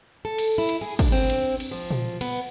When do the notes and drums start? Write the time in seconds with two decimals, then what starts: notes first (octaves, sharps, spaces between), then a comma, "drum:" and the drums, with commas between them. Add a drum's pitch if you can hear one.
0.25 A4
0.38 drum: cymbal
0.58 E4
0.69 drum: cymbal
0.81 G#4
0.99 D4, drum: kick, cymbal
1.12 C4
1.30 drum: cymbal
1.60 drum: cymbal
1.71 F3
1.91 drum: tom A#2
2.21 B3, drum: cymbal